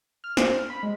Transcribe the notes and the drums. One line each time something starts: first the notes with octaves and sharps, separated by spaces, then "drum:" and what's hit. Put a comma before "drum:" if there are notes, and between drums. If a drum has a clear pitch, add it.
F6
C5, drum: snare
F6
B5
G#3